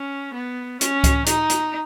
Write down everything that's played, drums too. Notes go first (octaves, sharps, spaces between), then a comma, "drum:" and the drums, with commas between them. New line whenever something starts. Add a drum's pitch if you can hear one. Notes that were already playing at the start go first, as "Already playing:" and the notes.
Already playing: C#4
B3
C#4, drum: hi-hat
drum: kick C#2, hi-hat
D#4, drum: hi-hat
drum: hi-hat